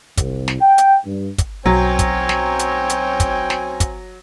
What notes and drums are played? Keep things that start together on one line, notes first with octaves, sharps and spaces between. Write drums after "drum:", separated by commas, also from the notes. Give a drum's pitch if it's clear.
C2, drum: kick, hi-hat
drum: snare
G5
drum: hi-hat
G2
drum: kick, hi-hat
B1 F#3 C4 C#5 G5 G#5
drum: kick, hi-hat
drum: snare
drum: hi-hat
drum: hi-hat
drum: kick, hi-hat
drum: snare
drum: kick, hi-hat